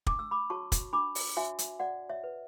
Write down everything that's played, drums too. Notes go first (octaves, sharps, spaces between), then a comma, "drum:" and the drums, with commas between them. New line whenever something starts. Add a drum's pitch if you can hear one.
D4 D6, drum: kick
E6
B5 D6
F#4 C#5 A5 C#6
drum: kick, hi-hat
D4 B5 D6
drum: open hi-hat
F#4 C#5 E5 G#5
drum: hi-hat
F#4 D5 F#5
C#5 E5
B4